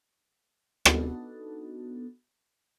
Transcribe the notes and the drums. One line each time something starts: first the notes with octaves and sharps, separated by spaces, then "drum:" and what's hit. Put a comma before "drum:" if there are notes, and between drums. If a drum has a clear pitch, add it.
B3 D4 D#4 F#4 A4, drum: rim click